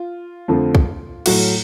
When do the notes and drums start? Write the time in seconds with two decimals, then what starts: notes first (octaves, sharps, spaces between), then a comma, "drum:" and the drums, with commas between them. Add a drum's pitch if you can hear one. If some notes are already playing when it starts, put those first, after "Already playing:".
Already playing: F4
0.48 F2 D3 F3 A3
0.75 drum: kick
1.26 A2 F#3 A3 F#4, drum: cymbal